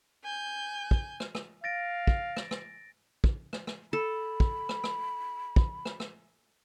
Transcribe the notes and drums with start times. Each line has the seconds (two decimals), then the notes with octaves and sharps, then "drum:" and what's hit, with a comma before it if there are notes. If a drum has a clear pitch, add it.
0.24 G#5 G6
0.91 drum: kick
1.20 drum: rim click
1.35 drum: rim click
1.64 F5 A6 A#6 D7
2.07 drum: kick
2.37 drum: rim click
2.51 drum: rim click
3.24 drum: kick
3.53 drum: rim click
3.67 drum: rim click
3.93 A4 B5
4.40 drum: kick
4.69 drum: rim click
4.84 drum: rim click
5.56 drum: kick
5.85 drum: rim click
6.00 drum: rim click